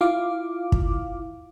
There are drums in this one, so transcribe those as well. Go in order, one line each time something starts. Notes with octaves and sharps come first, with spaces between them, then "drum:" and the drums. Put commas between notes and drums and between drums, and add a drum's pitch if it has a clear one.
E4 F4 F5 D6
drum: kick